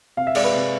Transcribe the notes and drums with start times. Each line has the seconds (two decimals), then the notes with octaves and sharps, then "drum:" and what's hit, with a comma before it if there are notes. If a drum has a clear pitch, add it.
0.17 C3 F5
0.27 E5
0.35 G#3 D5, drum: cymbal
0.44 B4
0.54 C3